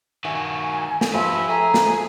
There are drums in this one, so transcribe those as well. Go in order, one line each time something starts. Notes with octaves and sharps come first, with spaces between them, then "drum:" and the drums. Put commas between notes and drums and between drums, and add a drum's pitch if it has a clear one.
D#3 F#4 E5 F5 G#5
drum: snare
F3 G4 B4 E5 G#5 A5
A3 G#4 A#5
drum: snare